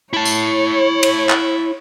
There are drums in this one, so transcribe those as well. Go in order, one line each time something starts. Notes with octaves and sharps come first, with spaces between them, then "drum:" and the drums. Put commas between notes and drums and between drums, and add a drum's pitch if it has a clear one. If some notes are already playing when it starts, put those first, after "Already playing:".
E4 C#5 A5
drum: tambourine
drum: cymbal
drum: clap